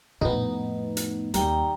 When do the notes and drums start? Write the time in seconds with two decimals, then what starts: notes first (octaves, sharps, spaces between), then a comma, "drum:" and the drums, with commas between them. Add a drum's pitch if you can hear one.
0.21 F2 A2 B3 D#4, drum: tom A#2
0.97 drum: hi-hat
1.34 D#2 G3 D#4 G5 A#5, drum: hi-hat